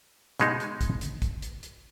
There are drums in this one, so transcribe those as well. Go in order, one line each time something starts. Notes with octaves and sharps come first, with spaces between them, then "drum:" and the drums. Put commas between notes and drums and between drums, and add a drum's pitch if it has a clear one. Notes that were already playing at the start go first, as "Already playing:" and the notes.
B2 G#3 D#4, drum: hi-hat
drum: hi-hat
drum: kick, hi-hat
drum: hi-hat
drum: kick, hi-hat
drum: hi-hat
drum: hi-hat